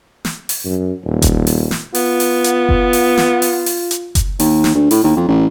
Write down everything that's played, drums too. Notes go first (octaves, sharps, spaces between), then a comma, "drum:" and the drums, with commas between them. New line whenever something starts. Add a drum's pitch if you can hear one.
drum: snare
drum: open hi-hat
F#2
D#1
drum: kick F#1, hi-hat
drum: open hi-hat
drum: snare
B3 F4, drum: open hi-hat
drum: open hi-hat
drum: hi-hat
drum: kick F#1
drum: open hi-hat
drum: snare
drum: open hi-hat
drum: open hi-hat
drum: hi-hat
drum: kick F#1, hi-hat
D#2, drum: open hi-hat
drum: snare
D2
A2, drum: open hi-hat
D#2
F2
A1